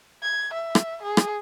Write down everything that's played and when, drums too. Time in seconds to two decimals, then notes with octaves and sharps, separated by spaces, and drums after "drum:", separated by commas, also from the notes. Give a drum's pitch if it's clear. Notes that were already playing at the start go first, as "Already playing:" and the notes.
0.23 G#6
0.54 E5
0.75 drum: rim click
1.03 G#4
1.17 drum: rim click